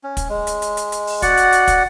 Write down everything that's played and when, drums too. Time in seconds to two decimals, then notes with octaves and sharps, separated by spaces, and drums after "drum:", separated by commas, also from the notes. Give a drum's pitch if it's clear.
0.03 C#4
0.17 drum: kick, hi-hat
0.29 G#3
0.47 drum: hi-hat
0.62 drum: hi-hat
0.77 drum: hi-hat
0.92 drum: hi-hat
1.07 drum: open hi-hat
1.22 F#4 D5 F#5, drum: kick, hi-hat
1.37 drum: hi-hat
1.52 drum: hi-hat
1.68 drum: kick, hi-hat